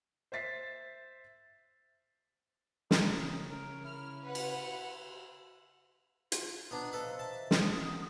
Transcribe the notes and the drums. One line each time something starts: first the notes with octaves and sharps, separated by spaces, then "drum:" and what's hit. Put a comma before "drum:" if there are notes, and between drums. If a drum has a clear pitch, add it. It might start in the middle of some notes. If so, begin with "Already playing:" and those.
C5 E5 A6 B6 C7
C#3 D#4, drum: snare
A#4
E4 F6
B4 F#5
drum: cymbal
F4, drum: hi-hat
B3 D4 D#4 A#5
D#3 F3 C4 A4 B4
E5 A5
drum: snare
F#4 D#6